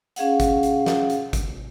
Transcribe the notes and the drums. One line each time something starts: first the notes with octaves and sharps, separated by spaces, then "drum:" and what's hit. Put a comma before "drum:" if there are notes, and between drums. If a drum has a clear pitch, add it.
C#4 G#4 F5 F#5, drum: hi-hat
drum: kick G#1, hi-hat
drum: hi-hat
drum: snare
drum: hi-hat
drum: kick G#1, hi-hat